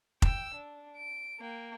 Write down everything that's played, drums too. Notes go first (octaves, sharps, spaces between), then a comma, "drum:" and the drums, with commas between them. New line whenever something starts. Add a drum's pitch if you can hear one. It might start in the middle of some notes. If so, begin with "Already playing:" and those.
G5 E6, drum: kick F1
D4
D7
A#3 G5